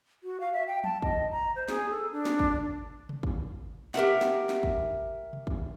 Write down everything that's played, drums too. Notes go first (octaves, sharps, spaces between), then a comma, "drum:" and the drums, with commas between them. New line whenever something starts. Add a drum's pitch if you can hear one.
F#4
F5
E5
G5
A5, drum: tom F3
D#5, drum: kick
A#5
C5
G#4, drum: snare
A4
D4
drum: snare
drum: kick
drum: tom C3
drum: kick
G4 A#4 E5 F#5, drum: snare
drum: snare
drum: snare
drum: kick
drum: tom C3
drum: kick